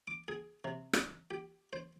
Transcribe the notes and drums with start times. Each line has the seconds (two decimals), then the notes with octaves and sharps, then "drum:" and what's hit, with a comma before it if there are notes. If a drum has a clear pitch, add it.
0.07 D6
0.28 G#4
0.64 C3
0.93 drum: rim click
1.31 G4
1.73 C5